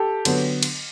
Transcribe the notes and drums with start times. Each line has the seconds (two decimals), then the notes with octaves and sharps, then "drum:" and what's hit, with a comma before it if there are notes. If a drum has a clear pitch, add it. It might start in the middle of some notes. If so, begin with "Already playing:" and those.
Already playing: G4 A4
0.25 D3 F#3 B3, drum: cymbal
0.63 drum: cymbal